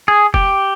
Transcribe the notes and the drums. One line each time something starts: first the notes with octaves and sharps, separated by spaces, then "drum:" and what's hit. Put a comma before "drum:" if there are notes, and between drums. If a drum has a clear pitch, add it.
G#4
G4, drum: kick F1